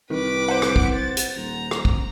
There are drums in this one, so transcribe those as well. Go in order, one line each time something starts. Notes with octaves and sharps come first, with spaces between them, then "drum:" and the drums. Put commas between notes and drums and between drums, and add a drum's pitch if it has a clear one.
C2 D#3 B4 D6
C5 F#5
drum: rim click
drum: kick
A6
drum: hi-hat
D#1 A#5
drum: rim click
drum: kick